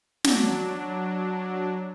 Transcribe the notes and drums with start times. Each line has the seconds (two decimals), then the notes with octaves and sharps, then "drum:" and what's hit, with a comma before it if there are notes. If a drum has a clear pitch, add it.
0.24 F#3 D4, drum: snare